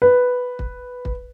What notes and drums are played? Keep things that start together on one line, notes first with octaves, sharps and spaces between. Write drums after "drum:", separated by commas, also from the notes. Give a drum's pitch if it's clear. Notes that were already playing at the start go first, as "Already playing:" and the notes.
B4
drum: kick
drum: kick